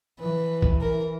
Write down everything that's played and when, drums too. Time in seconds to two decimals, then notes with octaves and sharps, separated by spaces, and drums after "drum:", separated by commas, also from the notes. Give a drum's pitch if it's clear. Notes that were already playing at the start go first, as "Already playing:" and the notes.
0.20 E3 B4
0.62 drum: kick
0.81 A#4